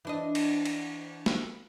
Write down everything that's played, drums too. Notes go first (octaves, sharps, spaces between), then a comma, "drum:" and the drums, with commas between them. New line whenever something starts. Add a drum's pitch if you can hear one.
E3 D4 D#5
drum: cymbal
drum: cymbal
drum: snare